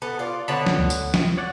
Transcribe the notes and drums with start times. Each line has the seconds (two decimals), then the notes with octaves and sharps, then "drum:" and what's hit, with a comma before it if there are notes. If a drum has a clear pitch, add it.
0.02 B3 A4
0.19 F4 D5
0.48 D3 B3 C#5 D5 A5 B5
0.67 drum: snare
0.79 D2
0.90 drum: tambourine
1.14 drum: snare
1.37 C#5 D5 F#5